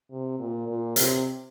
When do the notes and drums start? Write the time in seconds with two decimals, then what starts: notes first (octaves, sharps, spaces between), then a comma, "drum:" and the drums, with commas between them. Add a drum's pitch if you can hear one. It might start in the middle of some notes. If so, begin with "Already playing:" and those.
0.10 C3
0.39 A#2
0.67 A#2
0.96 C3, drum: hi-hat